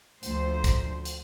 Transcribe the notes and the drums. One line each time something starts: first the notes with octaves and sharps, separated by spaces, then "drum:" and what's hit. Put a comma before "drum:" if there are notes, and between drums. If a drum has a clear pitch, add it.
D2 F3 C5, drum: hi-hat
drum: kick, hi-hat
drum: hi-hat